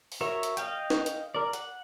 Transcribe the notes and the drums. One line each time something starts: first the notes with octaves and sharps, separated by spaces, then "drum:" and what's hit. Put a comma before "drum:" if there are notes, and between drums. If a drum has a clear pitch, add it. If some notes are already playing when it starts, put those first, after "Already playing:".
drum: open hi-hat
F#4 A#4 C#5 E5
drum: hi-hat
D#5 F5 G5, drum: hi-hat
drum: snare
drum: hi-hat
A#4 D5
F#5, drum: hi-hat